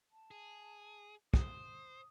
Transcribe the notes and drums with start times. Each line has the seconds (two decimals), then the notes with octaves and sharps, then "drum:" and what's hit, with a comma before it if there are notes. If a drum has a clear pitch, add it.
0.12 A5
0.31 G#4
1.34 C5 D#6, drum: kick